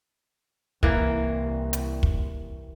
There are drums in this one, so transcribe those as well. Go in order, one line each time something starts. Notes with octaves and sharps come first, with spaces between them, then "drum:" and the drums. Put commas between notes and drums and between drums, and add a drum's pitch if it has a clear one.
C2 E3 A#3, drum: kick
drum: hi-hat
drum: kick